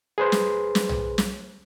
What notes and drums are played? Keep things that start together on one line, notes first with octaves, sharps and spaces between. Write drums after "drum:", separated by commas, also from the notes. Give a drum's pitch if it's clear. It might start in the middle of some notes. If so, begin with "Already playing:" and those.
G#4 B4 C5
drum: snare
drum: snare
drum: tom B1
drum: snare